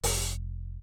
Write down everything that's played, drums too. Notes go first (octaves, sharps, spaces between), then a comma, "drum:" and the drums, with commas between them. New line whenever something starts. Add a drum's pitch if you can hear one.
F1, drum: open hi-hat